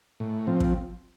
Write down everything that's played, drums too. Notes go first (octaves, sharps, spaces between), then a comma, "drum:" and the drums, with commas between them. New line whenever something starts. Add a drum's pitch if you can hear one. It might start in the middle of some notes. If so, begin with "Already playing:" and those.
A2
F3 C4
drum: kick